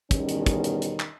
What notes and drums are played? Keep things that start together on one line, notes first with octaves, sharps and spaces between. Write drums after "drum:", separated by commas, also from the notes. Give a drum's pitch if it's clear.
E2 B2 D#3 G3 C#4, drum: kick, hi-hat
drum: hi-hat
drum: kick, hi-hat
drum: hi-hat
drum: hi-hat
drum: clap